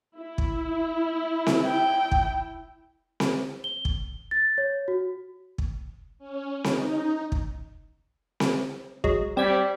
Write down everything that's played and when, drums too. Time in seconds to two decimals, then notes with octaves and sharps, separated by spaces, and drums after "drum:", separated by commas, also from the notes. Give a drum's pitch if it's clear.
0.16 E4
0.38 drum: kick
1.47 drum: snare C4
1.66 G5
2.12 drum: kick
3.20 drum: snare C4
3.64 G7
3.85 drum: kick
4.31 A6
4.58 C#5
4.88 F#4
5.58 drum: kick
6.18 C#4
6.64 D#4, drum: snare C4
7.32 drum: kick
8.40 drum: snare C4
9.04 F#3 G#3, drum: kick
9.37 G3 C4 G#6 B6